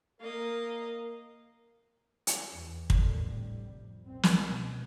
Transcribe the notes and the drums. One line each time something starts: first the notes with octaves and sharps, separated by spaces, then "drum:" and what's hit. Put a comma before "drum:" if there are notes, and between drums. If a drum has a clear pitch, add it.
A#3 A#4 D#5 F5
drum: hi-hat
E2
A1 A2 D3 D#3, drum: kick
A2 C3 G3
F2
B1 A#2 C4
drum: snare
C#2 B2